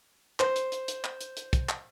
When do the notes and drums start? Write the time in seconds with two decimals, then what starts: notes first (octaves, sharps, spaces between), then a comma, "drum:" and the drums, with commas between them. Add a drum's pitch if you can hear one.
0.40 C5, drum: clap
0.56 drum: hi-hat
0.72 drum: hi-hat
0.88 drum: hi-hat
1.04 drum: clap
1.21 drum: hi-hat
1.37 drum: hi-hat
1.53 drum: kick, hi-hat
1.69 drum: clap